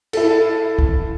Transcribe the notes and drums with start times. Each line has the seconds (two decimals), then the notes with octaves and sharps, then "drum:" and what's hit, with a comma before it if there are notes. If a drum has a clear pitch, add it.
0.13 E4 A4, drum: cymbal
0.79 drum: kick